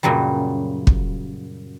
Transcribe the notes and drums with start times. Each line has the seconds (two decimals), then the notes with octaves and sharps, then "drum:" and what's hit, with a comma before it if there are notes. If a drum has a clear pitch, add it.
0.03 F#2 A#2 C#3 F#3 G3
0.87 drum: kick